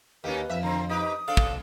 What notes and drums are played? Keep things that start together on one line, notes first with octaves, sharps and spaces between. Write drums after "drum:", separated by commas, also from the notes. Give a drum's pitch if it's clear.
D#2 C#4 D#4 G4 B4
F2 E5
D3 C4 A#5
D#4 G4 B4 D#6
C4 D4 A4 F5
drum: kick